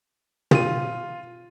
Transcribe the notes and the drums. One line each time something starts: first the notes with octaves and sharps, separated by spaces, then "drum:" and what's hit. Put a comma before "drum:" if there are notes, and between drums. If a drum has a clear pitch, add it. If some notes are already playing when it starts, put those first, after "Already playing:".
F4 D#7, drum: tom